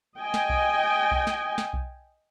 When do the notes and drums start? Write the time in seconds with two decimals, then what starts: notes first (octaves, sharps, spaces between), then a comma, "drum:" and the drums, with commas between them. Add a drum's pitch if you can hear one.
0.18 D#5 G5 G#5
0.34 drum: snare
0.49 drum: kick B1
1.11 drum: kick B1
1.27 drum: snare
1.58 drum: snare
1.73 drum: kick B1